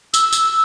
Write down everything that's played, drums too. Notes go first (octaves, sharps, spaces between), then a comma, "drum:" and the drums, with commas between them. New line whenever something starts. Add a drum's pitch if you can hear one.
E6, drum: tambourine
drum: tambourine